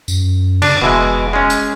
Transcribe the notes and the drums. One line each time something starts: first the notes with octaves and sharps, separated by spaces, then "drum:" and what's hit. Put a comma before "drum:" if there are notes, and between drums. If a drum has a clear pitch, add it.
F#2, drum: tambourine
C#3 D4, drum: cymbal
F1 B2 E3 G#3
G#3 C#4
drum: hi-hat